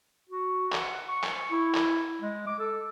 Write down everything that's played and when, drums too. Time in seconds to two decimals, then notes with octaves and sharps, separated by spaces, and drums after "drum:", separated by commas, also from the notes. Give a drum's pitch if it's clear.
0.30 F#4
0.72 F#5, drum: clap
1.09 C#6
1.23 drum: clap
1.51 E4
1.74 drum: clap
2.21 G#3
2.47 D6
2.59 A4